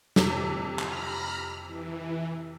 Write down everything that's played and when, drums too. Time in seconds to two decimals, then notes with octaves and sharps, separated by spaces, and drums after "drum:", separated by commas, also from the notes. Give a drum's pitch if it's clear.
0.16 F2 C3, drum: snare
0.79 A#5 B5 F6, drum: clap
1.67 E3